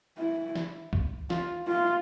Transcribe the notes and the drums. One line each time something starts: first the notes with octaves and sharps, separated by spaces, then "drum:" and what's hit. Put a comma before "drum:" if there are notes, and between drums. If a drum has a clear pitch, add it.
E4
drum: snare
drum: kick C2
F4, drum: snare
F4